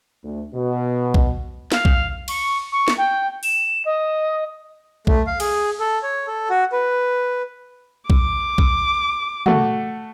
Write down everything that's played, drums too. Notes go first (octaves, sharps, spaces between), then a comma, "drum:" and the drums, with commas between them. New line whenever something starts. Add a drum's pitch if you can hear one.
D2
B2
drum: kick B1
F5, drum: snare
drum: kick B1
C#6, drum: cymbal
C#6
drum: snare
G5
E7, drum: open hi-hat
D#5
A3, drum: kick B1
F5
G#4, drum: cymbal
A4
C#5
A4
F#4
B4
D6, drum: kick B1
drum: kick B1
A3 F#4, drum: tom